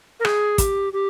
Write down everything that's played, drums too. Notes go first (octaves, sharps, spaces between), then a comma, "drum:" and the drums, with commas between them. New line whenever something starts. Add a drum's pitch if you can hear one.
A#4
G#4, drum: rim click
G4, drum: kick, hi-hat
G4